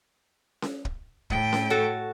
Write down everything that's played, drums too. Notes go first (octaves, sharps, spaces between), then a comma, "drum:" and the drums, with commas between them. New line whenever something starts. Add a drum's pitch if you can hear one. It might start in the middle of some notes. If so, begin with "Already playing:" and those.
drum: snare C#4
drum: kick
A2 G5, drum: kick
drum: snare C#4
F#4 A4 C#5